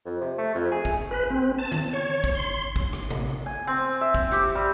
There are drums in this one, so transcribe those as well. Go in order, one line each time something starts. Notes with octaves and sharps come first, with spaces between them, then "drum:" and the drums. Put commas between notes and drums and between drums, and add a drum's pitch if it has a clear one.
F2
C3
A3
F2
G#4
drum: kick
B4
C4
A5
drum: tom D3
C#5
drum: kick
C6
drum: kick
drum: rim click
drum: tom C3
G#5
C4
E5
drum: kick
G4, drum: rim click
G3